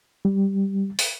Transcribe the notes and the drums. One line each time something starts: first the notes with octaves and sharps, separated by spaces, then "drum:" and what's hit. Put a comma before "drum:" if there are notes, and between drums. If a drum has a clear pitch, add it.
G3
drum: open hi-hat